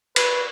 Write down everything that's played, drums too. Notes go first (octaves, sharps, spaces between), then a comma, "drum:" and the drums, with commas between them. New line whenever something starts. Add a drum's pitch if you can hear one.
B4, drum: cymbal